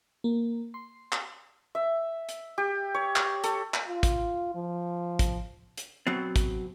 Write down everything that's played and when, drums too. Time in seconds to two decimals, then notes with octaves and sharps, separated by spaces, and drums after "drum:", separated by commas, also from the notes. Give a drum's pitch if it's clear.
0.24 A#3
0.74 C6
1.12 drum: clap
1.75 E5
2.29 drum: hi-hat
2.58 G4
2.94 C#5
3.16 drum: clap
3.44 A4, drum: hi-hat
3.74 drum: clap
3.88 F4
4.03 drum: kick, hi-hat
4.55 F3
5.19 drum: kick, hi-hat
5.77 drum: hi-hat
6.07 B2 F#3 C4
6.36 drum: kick, hi-hat